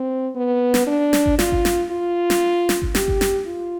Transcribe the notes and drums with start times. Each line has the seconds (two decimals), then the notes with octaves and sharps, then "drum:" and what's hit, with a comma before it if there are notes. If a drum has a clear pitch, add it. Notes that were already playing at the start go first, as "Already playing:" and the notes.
Already playing: C4
0.35 B3
0.74 drum: snare
0.87 D4
1.13 drum: snare
1.26 drum: kick G1
1.39 F4, drum: snare
1.52 drum: kick G1
1.65 drum: snare
1.91 F4
2.30 drum: snare
2.69 drum: snare
2.82 drum: kick G1
2.95 G4, drum: snare
3.08 drum: kick G1
3.21 drum: snare
3.47 F4